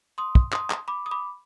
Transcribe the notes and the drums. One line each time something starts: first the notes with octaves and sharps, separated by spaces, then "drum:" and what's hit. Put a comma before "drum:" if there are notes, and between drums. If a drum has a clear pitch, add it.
C6 D#6
drum: kick
C6 D#6, drum: clap
drum: clap
B5 D6
D#6
B5 D6